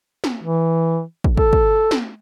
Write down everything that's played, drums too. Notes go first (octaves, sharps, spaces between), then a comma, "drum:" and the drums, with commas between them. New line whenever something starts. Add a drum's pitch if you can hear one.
drum: snare
E3
drum: kick
A4, drum: kick
drum: kick
drum: snare